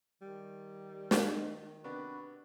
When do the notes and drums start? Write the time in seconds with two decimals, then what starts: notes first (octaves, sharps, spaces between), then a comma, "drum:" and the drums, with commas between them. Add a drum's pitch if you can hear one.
0.22 D#3 G3
1.11 drum: snare
1.84 C3 B3 D4 F#4 B4